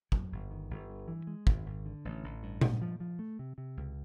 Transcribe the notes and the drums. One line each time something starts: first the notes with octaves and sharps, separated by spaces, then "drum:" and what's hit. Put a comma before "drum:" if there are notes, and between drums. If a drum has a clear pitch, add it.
F#3, drum: kick
G1
D#3
G1
G2
E3
G#3
G#1, drum: kick
G#1
D3
A1
A1
G2
G#2, drum: tom A#2
F3
F3
A3
C3
C3
C#2